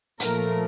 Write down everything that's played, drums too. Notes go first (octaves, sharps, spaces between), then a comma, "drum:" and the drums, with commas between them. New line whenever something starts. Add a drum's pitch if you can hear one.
A#2 F3 A3 A#4, drum: hi-hat